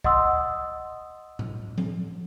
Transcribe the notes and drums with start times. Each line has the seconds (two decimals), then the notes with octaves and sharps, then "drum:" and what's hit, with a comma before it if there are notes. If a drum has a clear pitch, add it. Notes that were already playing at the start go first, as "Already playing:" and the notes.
0.04 D#5 F#5 C6 D#6 E6, drum: kick
1.39 drum: tom A2
1.78 drum: tom F3